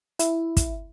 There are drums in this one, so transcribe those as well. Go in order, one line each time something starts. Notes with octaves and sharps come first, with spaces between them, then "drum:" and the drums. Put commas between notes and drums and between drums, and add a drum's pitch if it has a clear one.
E4, drum: hi-hat
drum: kick, hi-hat